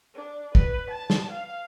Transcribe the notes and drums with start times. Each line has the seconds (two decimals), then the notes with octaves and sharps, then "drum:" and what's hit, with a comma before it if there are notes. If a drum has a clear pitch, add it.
0.15 D4
0.55 B4, drum: kick
0.91 A5
1.10 drum: snare
1.31 F5